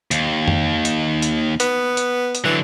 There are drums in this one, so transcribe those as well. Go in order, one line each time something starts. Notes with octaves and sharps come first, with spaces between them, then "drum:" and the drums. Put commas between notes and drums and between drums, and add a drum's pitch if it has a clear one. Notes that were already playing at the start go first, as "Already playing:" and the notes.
D#2, drum: hi-hat
drum: tom F2
drum: hi-hat
drum: hi-hat
B3, drum: hi-hat
drum: hi-hat
drum: hi-hat
D3 E3 F#3